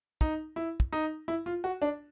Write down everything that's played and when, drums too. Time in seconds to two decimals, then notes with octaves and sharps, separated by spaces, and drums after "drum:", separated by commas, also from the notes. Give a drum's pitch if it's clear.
0.21 D#4, drum: kick
0.56 E4
0.80 drum: kick
0.93 D#4
1.28 E4
1.46 F4
1.64 F#4
1.82 D4